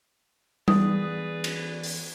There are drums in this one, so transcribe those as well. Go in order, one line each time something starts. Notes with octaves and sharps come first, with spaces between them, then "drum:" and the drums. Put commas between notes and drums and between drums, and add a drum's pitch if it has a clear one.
E3 B3 G#4 B4 D5 D#6, drum: tom G3
drum: cymbal
drum: open hi-hat